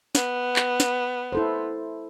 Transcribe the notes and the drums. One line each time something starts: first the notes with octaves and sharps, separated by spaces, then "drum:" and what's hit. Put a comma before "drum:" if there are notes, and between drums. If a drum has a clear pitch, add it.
B3, drum: snare
drum: clap
drum: snare
E4 A4 C5